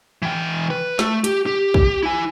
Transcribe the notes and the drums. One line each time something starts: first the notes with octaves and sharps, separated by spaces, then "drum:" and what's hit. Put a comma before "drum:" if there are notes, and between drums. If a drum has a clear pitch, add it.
E3 G5
B4
A3, drum: snare
G4, drum: hi-hat
G4
drum: kick
E4 G#5